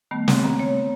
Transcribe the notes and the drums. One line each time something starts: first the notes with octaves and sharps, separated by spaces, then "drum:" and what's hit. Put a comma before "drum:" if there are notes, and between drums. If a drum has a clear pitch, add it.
D#3 G3 A3 B3
C4, drum: snare
A#5
C#5